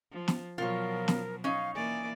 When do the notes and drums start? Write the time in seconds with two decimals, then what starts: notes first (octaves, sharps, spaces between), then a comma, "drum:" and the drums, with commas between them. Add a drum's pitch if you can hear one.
0.12 F3
0.28 drum: snare
0.58 B2 F3 F#3 F4 A#4 C#5
1.08 drum: snare
1.44 C#4 D#4 F5
1.75 E3 A#3 D5 G#5